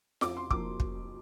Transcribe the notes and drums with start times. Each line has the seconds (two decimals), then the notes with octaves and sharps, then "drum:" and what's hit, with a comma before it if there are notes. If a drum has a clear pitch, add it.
0.21 F2 D6, drum: snare F4
0.37 C6
0.51 F3 A#3 D6, drum: kick
0.80 drum: kick